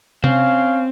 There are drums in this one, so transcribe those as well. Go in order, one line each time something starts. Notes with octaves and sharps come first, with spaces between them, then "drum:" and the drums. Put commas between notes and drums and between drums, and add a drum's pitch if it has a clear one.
C4 C#4 F5, drum: tom C3